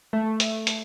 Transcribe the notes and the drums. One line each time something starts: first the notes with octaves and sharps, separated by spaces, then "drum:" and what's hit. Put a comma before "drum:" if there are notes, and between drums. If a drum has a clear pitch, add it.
A3
drum: hi-hat
drum: hi-hat